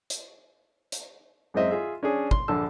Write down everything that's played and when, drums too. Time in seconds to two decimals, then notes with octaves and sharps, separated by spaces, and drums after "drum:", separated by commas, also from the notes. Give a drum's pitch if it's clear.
0.10 drum: hi-hat
0.92 drum: hi-hat
1.54 F#2 G#3 C4 D#5 E5
1.71 F4 G#4 E5
2.03 C#4 D4 G#4
2.31 C6, drum: kick
2.48 A#1 D3 A5 E6